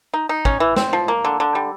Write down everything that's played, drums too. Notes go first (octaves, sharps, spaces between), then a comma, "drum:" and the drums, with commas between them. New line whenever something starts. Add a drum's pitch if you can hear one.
D#4
D#4
C#4, drum: kick
E3
C4, drum: snare
F3
A#3
D3
D3
G3